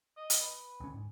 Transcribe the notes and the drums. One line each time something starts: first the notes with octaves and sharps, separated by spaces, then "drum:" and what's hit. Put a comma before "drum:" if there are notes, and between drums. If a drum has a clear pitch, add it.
D#5
drum: hi-hat
B4
D2 D3 C#4
G#2